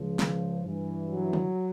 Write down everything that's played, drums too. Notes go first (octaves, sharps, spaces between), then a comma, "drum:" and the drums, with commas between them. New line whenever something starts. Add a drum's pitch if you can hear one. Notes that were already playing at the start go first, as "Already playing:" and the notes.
Already playing: C#2 C#3 F3
drum: snare
G2 E3
F#3
drum: tom